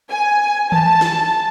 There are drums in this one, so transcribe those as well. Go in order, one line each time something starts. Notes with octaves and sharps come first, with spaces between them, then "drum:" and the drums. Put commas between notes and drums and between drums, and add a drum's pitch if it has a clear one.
G#5
A5, drum: tom D#3
drum: snare